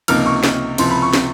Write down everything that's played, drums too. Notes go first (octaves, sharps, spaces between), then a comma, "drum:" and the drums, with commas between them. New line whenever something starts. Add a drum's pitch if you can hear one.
C#2 C3 F3 A#3 D#4 F6, drum: cymbal
C#6
drum: snare
C#2 C3 F3 C6, drum: cymbal
B5
C#6
drum: snare